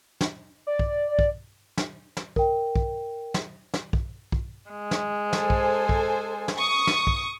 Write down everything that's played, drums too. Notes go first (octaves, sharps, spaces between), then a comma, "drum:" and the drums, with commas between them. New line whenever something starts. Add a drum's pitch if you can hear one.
drum: snare
D5
drum: kick
drum: kick
drum: snare
drum: snare
A#4 G5, drum: kick
drum: kick
drum: snare
drum: snare
drum: kick
drum: kick
G#3
drum: snare
A4 C5 G#5, drum: snare
drum: kick
drum: kick
drum: snare
C#6 D#6
drum: snare
drum: kick